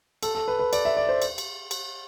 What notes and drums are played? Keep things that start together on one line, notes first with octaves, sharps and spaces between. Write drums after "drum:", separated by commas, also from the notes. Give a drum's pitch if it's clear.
A4, drum: cymbal
A4
B4
B4
D5, drum: cymbal
E5
D5
C5
drum: cymbal
drum: cymbal
drum: cymbal